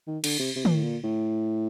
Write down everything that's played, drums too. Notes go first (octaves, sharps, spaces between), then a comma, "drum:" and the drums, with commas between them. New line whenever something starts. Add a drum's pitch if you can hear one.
D#3
D3, drum: cymbal
C3
C3
A#2, drum: tom
A2
A#2
A2